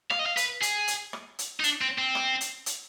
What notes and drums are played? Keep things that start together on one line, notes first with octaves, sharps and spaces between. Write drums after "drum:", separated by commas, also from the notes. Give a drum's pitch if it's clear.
F5, drum: rim click
D#5
F5
B4, drum: hi-hat
G#4, drum: hi-hat
drum: hi-hat
drum: rim click
drum: hi-hat
D#4
D4, drum: hi-hat
C4
C4
drum: rim click
drum: hi-hat
drum: hi-hat